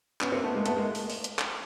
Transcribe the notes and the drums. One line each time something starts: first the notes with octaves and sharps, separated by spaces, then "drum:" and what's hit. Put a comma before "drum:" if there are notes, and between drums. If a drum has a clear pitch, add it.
B3 C#4, drum: clap
A#3 C4
A3 B3
G#3 A#3
A3 B3, drum: hi-hat
G#3 A#3
drum: open hi-hat
drum: open hi-hat
drum: hi-hat
drum: clap